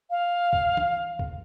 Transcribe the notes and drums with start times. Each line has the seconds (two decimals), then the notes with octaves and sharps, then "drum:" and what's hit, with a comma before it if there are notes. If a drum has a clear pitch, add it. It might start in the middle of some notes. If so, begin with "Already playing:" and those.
0.10 F5
0.53 drum: kick C#2
0.77 drum: tom
1.19 drum: kick C#2